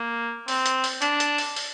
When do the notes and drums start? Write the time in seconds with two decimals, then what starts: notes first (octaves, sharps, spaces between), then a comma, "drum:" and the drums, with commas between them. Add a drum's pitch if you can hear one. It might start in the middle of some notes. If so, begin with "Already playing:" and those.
Already playing: A#3
0.48 C4, drum: open hi-hat
0.66 drum: hi-hat
0.84 drum: open hi-hat
1.02 D4, drum: hi-hat
1.20 drum: hi-hat
1.38 drum: open hi-hat
1.56 drum: open hi-hat